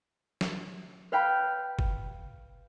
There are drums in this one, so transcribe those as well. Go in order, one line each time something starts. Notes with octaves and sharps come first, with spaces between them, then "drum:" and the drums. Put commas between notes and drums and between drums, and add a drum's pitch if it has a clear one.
drum: snare
B4 F5 G5 B5
drum: kick F#1